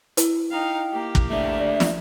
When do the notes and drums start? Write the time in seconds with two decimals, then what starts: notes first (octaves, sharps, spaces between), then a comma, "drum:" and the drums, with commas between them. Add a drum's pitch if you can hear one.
0.17 E4, drum: hi-hat
0.51 D#4 F5 G5
0.93 A#3 G4
1.15 drum: kick
1.30 A3 D4 E5
1.60 D5
1.80 drum: snare